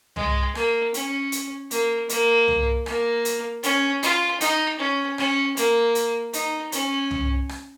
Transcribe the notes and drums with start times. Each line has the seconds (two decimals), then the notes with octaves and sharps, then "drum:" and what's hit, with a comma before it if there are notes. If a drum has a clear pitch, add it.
0.16 G#3, drum: tom
0.55 A#3, drum: rim click
0.94 C#4, drum: hi-hat
1.32 drum: hi-hat
1.71 A#3, drum: hi-hat
2.09 A#3, drum: hi-hat
2.48 drum: tom
2.86 A#3, drum: rim click
3.25 drum: hi-hat
3.63 C#4, drum: hi-hat
4.03 F4, drum: hi-hat
4.41 D#4, drum: hi-hat
4.79 C#4
5.18 C#4, drum: rim click
5.57 A#3, drum: hi-hat
5.95 drum: hi-hat
6.33 D#4, drum: hi-hat
6.72 C#4, drum: hi-hat
7.11 drum: tom
7.49 drum: rim click